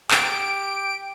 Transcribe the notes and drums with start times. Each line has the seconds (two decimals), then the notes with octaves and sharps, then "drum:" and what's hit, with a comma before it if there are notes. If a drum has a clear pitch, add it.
0.11 G4 D7, drum: clap